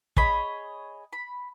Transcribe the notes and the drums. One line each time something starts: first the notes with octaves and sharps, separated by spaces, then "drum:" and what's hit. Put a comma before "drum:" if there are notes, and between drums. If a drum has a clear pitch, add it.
G#4 C#5 D#5 B5, drum: kick
B5